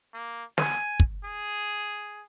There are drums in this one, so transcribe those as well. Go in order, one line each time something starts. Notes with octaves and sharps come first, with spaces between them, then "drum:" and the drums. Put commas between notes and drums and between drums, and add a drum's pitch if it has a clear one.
A#3
G#5, drum: snare
drum: kick
G#4